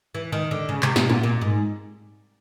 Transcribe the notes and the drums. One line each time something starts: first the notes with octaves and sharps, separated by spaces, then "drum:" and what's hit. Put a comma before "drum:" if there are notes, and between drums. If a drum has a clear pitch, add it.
E3
D#3
D3
C#3
C3, drum: clap
B2, drum: snare
A#2, drum: tom
A#2
G#2